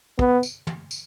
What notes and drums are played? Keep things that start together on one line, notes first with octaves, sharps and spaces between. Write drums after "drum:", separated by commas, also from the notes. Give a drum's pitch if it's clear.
B3, drum: kick
drum: tambourine
drum: tom
drum: tambourine